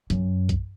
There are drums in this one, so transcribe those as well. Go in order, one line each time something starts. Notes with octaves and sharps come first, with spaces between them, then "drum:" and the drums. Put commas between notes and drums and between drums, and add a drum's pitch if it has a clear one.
F#2, drum: hi-hat
drum: kick B1, hi-hat